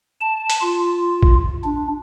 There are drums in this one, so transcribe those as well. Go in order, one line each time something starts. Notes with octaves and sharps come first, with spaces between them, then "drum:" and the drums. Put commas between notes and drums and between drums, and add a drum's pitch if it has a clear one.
A5
drum: hi-hat
F4
drum: kick A1
D4